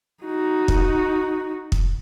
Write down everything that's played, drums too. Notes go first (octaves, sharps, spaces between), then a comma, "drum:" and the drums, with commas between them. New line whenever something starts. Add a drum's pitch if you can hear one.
D#4 F#4
drum: kick
drum: kick